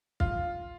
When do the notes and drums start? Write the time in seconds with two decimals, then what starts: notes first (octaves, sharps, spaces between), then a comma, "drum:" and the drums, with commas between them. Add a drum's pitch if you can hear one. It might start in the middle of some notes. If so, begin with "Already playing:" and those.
0.20 F4, drum: kick